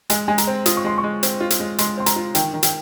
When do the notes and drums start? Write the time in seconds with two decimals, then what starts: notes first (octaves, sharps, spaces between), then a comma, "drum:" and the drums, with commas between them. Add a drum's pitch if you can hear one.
0.10 G#3 G#5, drum: hi-hat
0.28 G#3 G#5
0.38 A#5, drum: hi-hat
0.47 C4
0.66 F4 D#6, drum: hi-hat
0.77 C#6
0.84 G#3 C6
0.98 C#6
1.04 G#3
1.23 C4, drum: hi-hat
1.40 F4
1.50 drum: hi-hat
1.60 G#3
1.78 G#3 C6, drum: hi-hat
1.97 C4 C6
2.06 A#5, drum: hi-hat
2.16 F4
2.35 D#3 G5, drum: hi-hat
2.54 D#3
2.63 G5, drum: hi-hat